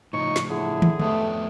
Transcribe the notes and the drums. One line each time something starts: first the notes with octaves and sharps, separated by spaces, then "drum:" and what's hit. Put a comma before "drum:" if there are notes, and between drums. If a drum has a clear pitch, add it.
A2 C#3 F3 D#4 C#5 C#6
drum: snare
D3 E4 G#4
drum: tom
F2 A2 A3 B3 G4 D#5, drum: tom